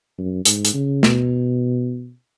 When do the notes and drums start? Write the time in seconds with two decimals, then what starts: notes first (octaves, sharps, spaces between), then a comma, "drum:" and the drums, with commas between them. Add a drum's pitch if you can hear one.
0.18 F#2
0.45 G#2, drum: hi-hat
0.65 drum: hi-hat
0.74 C#3
1.03 B2, drum: snare